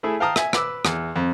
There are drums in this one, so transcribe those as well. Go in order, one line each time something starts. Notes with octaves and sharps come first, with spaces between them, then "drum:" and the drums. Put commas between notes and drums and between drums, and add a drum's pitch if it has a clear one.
A3 E4 G#4
F5 G5 A5 A#5 D#6 F6
E5 G#5, drum: rim click
B4 D6 E6, drum: rim click
E2, drum: rim click
F2